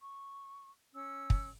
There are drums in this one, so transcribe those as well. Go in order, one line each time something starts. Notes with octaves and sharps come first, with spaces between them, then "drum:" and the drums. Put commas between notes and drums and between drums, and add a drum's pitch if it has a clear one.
C#6
C#4 E6
drum: kick